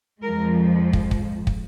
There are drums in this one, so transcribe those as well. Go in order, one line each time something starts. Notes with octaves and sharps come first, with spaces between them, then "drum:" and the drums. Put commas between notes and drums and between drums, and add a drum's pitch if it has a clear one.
F2 F3 G#3 A#4
drum: kick
drum: kick
drum: kick